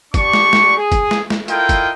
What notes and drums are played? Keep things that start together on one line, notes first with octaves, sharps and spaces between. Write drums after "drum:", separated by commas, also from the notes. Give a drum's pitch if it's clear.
D4 G4 D5 C#6, drum: kick, hi-hat
drum: snare
drum: snare
G#4
drum: kick, hi-hat
drum: snare
drum: snare
E4 F4 A4 A#4 D#5 G5, drum: hi-hat
drum: kick, hi-hat